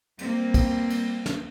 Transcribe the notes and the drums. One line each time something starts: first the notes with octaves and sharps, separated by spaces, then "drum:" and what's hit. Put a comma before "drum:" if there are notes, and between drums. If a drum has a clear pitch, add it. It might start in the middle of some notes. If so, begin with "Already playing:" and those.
G3 A#3 C4, drum: cymbal
drum: kick, cymbal
drum: cymbal
drum: snare